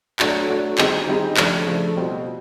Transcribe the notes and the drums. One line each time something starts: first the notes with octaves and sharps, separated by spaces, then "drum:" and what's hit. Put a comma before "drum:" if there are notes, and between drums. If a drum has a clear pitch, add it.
F#3 A3 D4 F#4, drum: clap
F#3 A3 D4 F#4
D#3 G3 C4 D#4 G#4, drum: clap
D#3 G3 C4 D#4 G#4
C#3 F3 A3 D4, drum: clap
C#3 F3 A3 D4
B2 G3 C4 F4